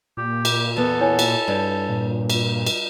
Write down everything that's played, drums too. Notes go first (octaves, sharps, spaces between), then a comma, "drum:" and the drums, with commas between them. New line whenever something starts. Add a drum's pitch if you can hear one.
A#2 G4
drum: cymbal
E2 B3 A4
E4 C#5 G#5
drum: cymbal
G2
A#2
drum: cymbal
drum: cymbal